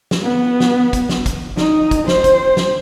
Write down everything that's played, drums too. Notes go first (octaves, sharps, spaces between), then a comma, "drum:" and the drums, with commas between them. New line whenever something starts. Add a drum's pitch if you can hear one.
drum: snare
B3
drum: snare
drum: kick, hi-hat
drum: snare
drum: kick, hi-hat
D#4, drum: snare
drum: kick, hi-hat
C5, drum: snare
drum: kick, hi-hat
drum: snare